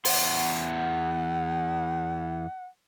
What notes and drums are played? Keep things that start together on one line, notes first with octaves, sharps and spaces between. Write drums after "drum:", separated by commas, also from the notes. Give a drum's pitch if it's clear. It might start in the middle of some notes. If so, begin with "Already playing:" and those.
E2 F#5 C6, drum: open hi-hat